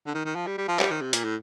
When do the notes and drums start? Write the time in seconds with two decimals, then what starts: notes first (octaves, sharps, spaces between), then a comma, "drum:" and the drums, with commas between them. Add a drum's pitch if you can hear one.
0.06 D3
0.14 D#3
0.25 D#3
0.36 F3
0.47 G3
0.58 G3
0.68 F3
0.79 G3, drum: clap
0.91 D#3
1.01 C3
1.13 A#2, drum: hi-hat
1.24 A2